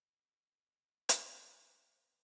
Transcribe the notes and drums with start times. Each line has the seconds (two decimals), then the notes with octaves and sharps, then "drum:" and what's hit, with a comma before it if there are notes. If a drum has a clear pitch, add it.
1.09 drum: hi-hat
1.80 F5